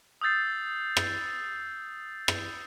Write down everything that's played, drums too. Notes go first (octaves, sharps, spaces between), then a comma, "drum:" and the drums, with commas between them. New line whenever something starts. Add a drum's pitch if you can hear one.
D#6 E6 G6 A6 C7
drum: rim click
drum: rim click